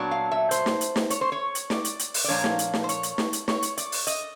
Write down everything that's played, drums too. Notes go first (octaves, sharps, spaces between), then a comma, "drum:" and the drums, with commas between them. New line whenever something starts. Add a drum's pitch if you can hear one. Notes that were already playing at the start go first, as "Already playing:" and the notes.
Already playing: A#2 F#3 B3 D4
F5
E5
C5, drum: hi-hat
drum: snare
drum: hi-hat
drum: snare
C#5, drum: hi-hat
C5
C#5
drum: hi-hat
D5, drum: snare
drum: hi-hat
drum: hi-hat
drum: open hi-hat
D5
A#2 F3 A#3 D4 C#5
drum: snare
drum: hi-hat
drum: snare
C5
C#5, drum: hi-hat
drum: hi-hat
drum: snare
drum: hi-hat
C#5, drum: snare
drum: hi-hat
D5, drum: hi-hat
drum: open hi-hat
D#5, drum: hi-hat